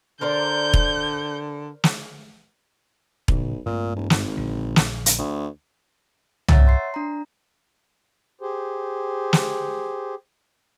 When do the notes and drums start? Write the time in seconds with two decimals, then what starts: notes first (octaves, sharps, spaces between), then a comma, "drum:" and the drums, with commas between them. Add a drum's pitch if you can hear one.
0.21 D3 A#4 C5 D5 G6
0.74 drum: kick E1
1.84 drum: snare
3.28 B1 A2 C#3, drum: kick E1
3.66 G2 A#2 A3 C4
3.96 E1
4.10 G#1, drum: snare
4.37 A#1 D3
4.76 drum: snare
5.06 drum: hi-hat
5.18 D2
6.48 C#5 E5 F#5 A#5 E6 A6, drum: tom C2
6.67 C6 C7
6.94 D4 A#5
8.41 G4 G#4 C5
9.33 drum: snare